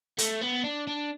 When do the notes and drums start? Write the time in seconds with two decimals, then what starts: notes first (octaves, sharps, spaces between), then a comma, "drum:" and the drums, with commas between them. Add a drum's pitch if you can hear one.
0.18 A3, drum: hi-hat
0.41 B3
0.64 D4
0.87 D4